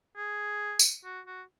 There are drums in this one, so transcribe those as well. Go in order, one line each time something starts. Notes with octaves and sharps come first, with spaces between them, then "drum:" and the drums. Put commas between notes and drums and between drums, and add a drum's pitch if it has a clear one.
G#4
drum: tambourine
F#4
F#4